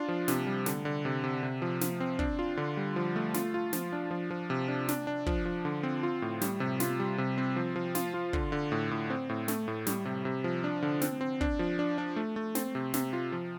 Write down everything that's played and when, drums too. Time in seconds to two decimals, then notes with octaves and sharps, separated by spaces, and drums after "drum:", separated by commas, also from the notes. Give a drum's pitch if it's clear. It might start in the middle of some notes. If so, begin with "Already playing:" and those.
Already playing: D4 F4
0.08 F3
0.28 C3, drum: snare
0.47 G3
0.66 D3, drum: snare
0.85 D3
1.05 C3
1.24 C3
1.43 C3
1.62 F3
1.81 F3, drum: snare
2.00 C4
2.19 D4, drum: kick
2.39 F4
2.57 D3
2.77 G3
2.96 F3
3.16 A3
3.34 F4, drum: snare
3.54 F4
3.73 F3, drum: snare
3.93 D4
4.11 F3
4.31 F3
4.50 C3
4.68 D4
4.88 D4, drum: snare
5.07 D4
5.26 F3, drum: kick
5.45 F3
5.65 D3
5.83 C4
6.03 F4
6.22 A2
6.41 G3, drum: snare
6.60 C3
6.80 F4, drum: snare
7.00 G3
7.18 C3
7.38 C4
7.56 F3
7.76 F3
7.95 F4, drum: snare
8.14 F4
8.33 D3, drum: kick
8.52 D3
8.72 A2
8.91 A2
9.10 C4
9.29 A2
9.48 A3, drum: snare
9.68 A2
9.86 G3, drum: snare
10.05 C3
10.25 C3
10.44 F3
10.64 D4
10.82 D3
11.02 C4, drum: snare
11.21 C4
11.41 D4, drum: kick
11.59 F3
11.79 D4
11.98 D4
12.16 A3
12.36 A3
12.55 C4, drum: snare
12.75 C3
12.94 C3, drum: snare
13.13 F4
13.32 F3